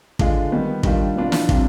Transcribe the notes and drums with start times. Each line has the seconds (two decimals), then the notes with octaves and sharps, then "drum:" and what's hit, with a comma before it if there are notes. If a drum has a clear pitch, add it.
0.19 D3 G#3 D4 F4, drum: kick
0.52 D#3 G3 B3
0.83 D#3 G3 D4 F4, drum: kick
1.16 B2 B3 D4 F4
1.32 drum: snare
1.49 C3 G3 D4 F4, drum: kick